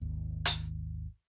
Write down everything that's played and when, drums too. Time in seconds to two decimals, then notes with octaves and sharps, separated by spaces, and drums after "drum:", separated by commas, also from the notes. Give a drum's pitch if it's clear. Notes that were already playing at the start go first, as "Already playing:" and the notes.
0.02 G#1 D#2
0.45 drum: hi-hat